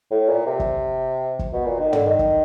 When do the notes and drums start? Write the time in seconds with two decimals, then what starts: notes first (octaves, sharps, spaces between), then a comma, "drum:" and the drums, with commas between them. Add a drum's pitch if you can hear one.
0.11 A2
0.29 A#2
0.46 C3
0.60 drum: kick
1.39 drum: kick
1.52 B2
1.66 A#2
1.79 D#3
1.93 D3, drum: tom
2.05 D#3
2.19 drum: kick